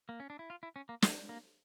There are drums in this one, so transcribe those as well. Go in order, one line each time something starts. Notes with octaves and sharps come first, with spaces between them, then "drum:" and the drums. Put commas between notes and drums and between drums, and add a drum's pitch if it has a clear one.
A#3
C#4
D4
E4
F4
E4
C#4
A#3
A3, drum: snare
A#3